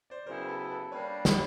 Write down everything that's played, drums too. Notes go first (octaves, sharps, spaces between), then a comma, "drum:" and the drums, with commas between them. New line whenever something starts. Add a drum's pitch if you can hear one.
C5 D5
C#3 F#3 B3 E4 G4 A#4 C5
A4 B4
A4 B4
G3 A#3 D4 B4 C#5
B4 C#5, drum: snare